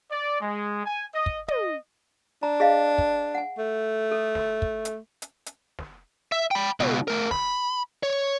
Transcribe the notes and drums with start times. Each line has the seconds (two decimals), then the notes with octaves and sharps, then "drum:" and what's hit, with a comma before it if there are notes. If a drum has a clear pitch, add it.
0.12 D5
0.41 G#3
0.86 G#5
1.14 D#5
1.26 drum: kick
1.48 D#5, drum: tom
2.43 D4 A#5
2.60 G#4 D#5 F5
2.98 drum: kick
3.35 F#5 G#5
3.59 A3
4.12 A4
4.35 drum: snare
4.62 drum: kick
4.85 drum: hi-hat
5.22 drum: hi-hat
5.46 drum: hi-hat
5.79 drum: snare
6.32 E5
6.51 G5 B5
6.80 C#2 B2, drum: tom
7.08 A3 A#4
7.31 B5, drum: snare
8.03 C#5